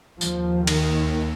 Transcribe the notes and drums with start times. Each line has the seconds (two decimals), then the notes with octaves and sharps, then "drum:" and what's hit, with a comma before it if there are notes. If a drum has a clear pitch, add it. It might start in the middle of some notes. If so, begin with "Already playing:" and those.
0.21 D#2 F3, drum: tambourine
0.67 D#3, drum: cymbal